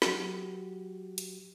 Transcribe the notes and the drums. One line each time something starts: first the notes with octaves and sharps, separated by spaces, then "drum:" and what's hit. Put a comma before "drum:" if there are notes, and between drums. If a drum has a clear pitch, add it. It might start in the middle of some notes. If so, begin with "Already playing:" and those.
F#3 F#4 G4, drum: snare
drum: hi-hat